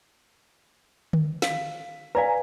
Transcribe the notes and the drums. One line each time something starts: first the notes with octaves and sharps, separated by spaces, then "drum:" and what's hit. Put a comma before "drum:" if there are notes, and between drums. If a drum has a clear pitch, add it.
drum: tom D3
F5, drum: snare
B4 D5 F5 G#5 A#5